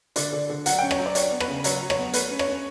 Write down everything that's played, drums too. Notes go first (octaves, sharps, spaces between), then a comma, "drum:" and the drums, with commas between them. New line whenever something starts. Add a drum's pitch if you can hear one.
D3 D5, drum: hi-hat
D3
D3
F#3 F#5, drum: hi-hat
C#4 G5
C#5, drum: rim click
F#3
D5
D4 C#5, drum: hi-hat
B3
B4, drum: rim click
C#3
F#3 C#5, drum: hi-hat
F#3
C#5, drum: rim click
B3
A3 B4, drum: hi-hat
C#4
C#5, drum: rim click
C#4